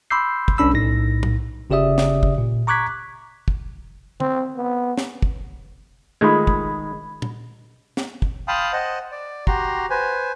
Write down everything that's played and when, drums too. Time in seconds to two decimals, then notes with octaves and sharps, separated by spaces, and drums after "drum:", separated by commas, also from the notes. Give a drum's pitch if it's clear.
0.11 B5 C6 D6 E6 G6 C7
0.48 drum: kick
0.58 C2 C#4 D4 B5 E6
0.73 B1 A2 D#4 A#6
1.23 drum: tom
1.70 G1 C#3 G4 D5 E5 D#6
1.98 drum: snare
2.23 drum: kick
2.38 A#2
2.67 A#5 C#6 D6 F#6 G#6 B6
3.48 drum: kick
4.20 C4, drum: tom
4.56 B3
4.98 drum: snare
5.22 drum: kick
6.21 D#3 G#3 A3 D#4 F4 G#4 B5 G#6
6.47 drum: kick
7.22 drum: tom
7.97 drum: snare
8.22 drum: kick
8.48 F5 G5 A5 B5 C6 D#6
8.73 C5 D#5 F#5 A5
9.12 D5
9.47 F#4 G4 A#5 C6, drum: kick
9.90 B4 C5 G#5